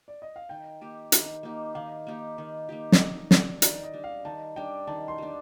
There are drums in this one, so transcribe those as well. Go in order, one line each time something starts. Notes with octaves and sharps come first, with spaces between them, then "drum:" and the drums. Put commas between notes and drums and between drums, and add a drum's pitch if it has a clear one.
D5
D#5
F5
D#3 G5
A#3 D#4 G4
D#3, drum: hi-hat
A#3 D#4 G4
D#3 F5
A#3 D#4 G4
D#3
A#3 D#4 G4
D5, drum: snare
D#3 D#5
G3 D4 D5, drum: snare
D#3 D5, drum: hi-hat
D#5
G3 D4
F5
D#3 A5
G3 D4 G5
D#3 A5
C6
G3 D4